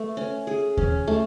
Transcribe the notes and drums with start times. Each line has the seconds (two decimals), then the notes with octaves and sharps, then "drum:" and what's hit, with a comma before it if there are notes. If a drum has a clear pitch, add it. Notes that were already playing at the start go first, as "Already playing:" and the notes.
Already playing: A3 B4
0.17 C#4
0.47 G#4
0.77 C#4, drum: kick D#2
1.08 A3